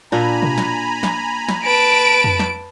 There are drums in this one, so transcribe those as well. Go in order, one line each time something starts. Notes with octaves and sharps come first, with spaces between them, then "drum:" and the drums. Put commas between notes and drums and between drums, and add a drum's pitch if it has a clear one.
A#2 D4 G#5 A#5 B5
drum: tom B2
drum: snare
drum: snare
drum: snare
B4 A5 D7
drum: tom F2
drum: snare